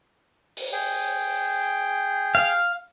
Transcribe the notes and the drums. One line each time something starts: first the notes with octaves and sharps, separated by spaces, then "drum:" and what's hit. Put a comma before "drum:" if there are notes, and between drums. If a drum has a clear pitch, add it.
drum: open hi-hat
G#4 G5
F5